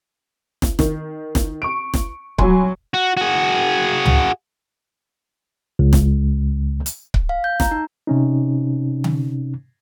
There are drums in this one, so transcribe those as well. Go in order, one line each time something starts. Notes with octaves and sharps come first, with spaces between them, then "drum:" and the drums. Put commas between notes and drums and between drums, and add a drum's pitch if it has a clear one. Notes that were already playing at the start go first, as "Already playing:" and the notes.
drum: snare
D#3, drum: snare
drum: snare
C#6 D7
drum: snare
F#3 G#5 B5 C6, drum: kick C#1
F#4
F#4 G#4
drum: tom C#2
C#2
drum: snare
drum: hi-hat
drum: kick C#1
F5
G6
A#5, drum: snare
D#4
C3 C#4 D#4
drum: tom D3